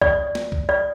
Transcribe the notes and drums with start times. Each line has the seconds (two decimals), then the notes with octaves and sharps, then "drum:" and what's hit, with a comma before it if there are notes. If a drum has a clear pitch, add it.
0.02 D5, drum: kick
0.35 drum: snare
0.52 drum: kick
0.69 D5